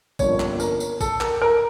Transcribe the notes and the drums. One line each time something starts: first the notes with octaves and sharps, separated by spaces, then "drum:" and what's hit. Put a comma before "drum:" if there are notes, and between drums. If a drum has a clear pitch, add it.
G1 G2 F3 A#3 C#4 C#5, drum: kick, tambourine
drum: clap
A#4, drum: tambourine
drum: tambourine
A4, drum: kick, tambourine
A#4, drum: clap
A#4